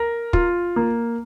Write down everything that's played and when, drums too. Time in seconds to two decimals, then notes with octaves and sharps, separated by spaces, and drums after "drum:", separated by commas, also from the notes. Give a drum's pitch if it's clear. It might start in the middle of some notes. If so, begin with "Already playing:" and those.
Already playing: A#4
0.33 F4, drum: kick
0.76 A#3